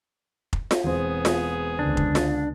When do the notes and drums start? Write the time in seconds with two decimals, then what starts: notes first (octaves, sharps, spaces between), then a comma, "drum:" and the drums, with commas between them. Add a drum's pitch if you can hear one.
0.53 drum: kick F1
0.71 drum: snare F4
0.84 E1 B3 C4 G#4
1.25 drum: snare F4
1.79 C#2 D3 D4
1.97 drum: kick F1
2.15 drum: snare F4